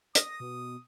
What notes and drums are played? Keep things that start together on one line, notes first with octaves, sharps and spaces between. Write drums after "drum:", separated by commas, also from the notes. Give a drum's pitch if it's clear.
D#6 A#6, drum: hi-hat
B2